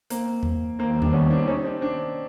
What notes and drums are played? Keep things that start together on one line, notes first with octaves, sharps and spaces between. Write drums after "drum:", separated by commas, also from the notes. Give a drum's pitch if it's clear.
A#3 C4, drum: hi-hat
drum: tom E2
D#2 D#3 G3 A#3 C4
D4, drum: tom E2
B3 C#4
C4 D4
C#4 D#4
C4 D4
C4 D4